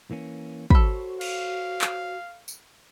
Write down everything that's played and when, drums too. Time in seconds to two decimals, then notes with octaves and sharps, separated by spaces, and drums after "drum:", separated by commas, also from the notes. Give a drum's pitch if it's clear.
0.11 E3 A#3 C#4
0.70 F#4 A4 C5 C#5 B5, drum: kick
1.21 F5, drum: cymbal
1.81 drum: clap
2.48 drum: tambourine